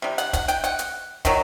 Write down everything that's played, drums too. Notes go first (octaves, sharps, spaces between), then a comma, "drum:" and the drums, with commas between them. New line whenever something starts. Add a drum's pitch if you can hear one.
C3 G3
F#5, drum: hi-hat
F#5, drum: kick, hi-hat
G5, drum: hi-hat
F#5, drum: hi-hat
drum: hi-hat
D#3 F#3, drum: kick, hi-hat